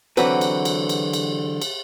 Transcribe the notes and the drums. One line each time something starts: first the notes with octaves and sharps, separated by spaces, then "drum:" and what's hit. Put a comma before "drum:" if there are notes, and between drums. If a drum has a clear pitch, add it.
D3 E3 F#3 C4 F#4 B4, drum: cymbal
drum: cymbal
drum: cymbal
drum: cymbal
drum: cymbal
drum: cymbal